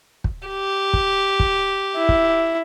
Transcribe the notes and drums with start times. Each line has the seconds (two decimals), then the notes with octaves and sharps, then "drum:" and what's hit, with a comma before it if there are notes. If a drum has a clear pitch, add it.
0.24 drum: kick
0.47 G4
0.93 drum: kick
1.40 drum: kick
1.97 E4
2.09 drum: kick